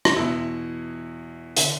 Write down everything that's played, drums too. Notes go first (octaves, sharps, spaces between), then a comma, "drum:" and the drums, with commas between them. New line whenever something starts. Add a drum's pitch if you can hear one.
drum: rim click
E2 B2 E4
D3, drum: hi-hat